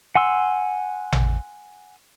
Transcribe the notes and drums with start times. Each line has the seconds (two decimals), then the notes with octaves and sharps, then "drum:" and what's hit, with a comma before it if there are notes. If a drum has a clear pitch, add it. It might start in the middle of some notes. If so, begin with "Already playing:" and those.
0.15 F#5 G#5 C6 E6
1.12 drum: tom A1